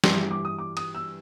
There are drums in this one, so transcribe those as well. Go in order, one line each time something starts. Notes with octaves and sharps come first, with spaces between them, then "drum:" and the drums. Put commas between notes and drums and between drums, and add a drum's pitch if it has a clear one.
G2 E3 G3 C6, drum: snare
D6
D#6
D6
D#6, drum: cymbal
E6